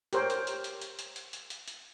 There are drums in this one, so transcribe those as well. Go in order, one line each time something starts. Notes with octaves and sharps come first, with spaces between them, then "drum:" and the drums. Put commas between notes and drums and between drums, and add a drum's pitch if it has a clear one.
G4 A#4 C5 C#5 G5, drum: hi-hat
drum: hi-hat
drum: hi-hat
drum: hi-hat
drum: hi-hat
drum: hi-hat
drum: hi-hat
drum: hi-hat
drum: hi-hat
drum: hi-hat